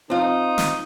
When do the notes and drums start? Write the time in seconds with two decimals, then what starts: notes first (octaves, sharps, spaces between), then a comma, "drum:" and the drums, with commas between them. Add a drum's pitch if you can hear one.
0.10 C4 D#4 F4
0.58 drum: snare